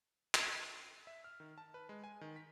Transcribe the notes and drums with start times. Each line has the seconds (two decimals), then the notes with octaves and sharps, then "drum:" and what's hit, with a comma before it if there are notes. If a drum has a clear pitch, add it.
0.34 drum: clap
1.07 E5
1.24 F6
1.40 D#3
1.58 A5
1.74 B4
1.89 G#3
2.04 G#5
2.21 D#3
2.36 B6